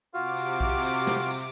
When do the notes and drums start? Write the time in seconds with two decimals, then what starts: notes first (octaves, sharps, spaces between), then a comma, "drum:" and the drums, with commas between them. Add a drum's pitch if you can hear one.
0.14 C3 F4 F#4 F5 D6
0.37 drum: tambourine
0.61 drum: kick B1
0.84 drum: tambourine
1.07 drum: snare
1.30 drum: tambourine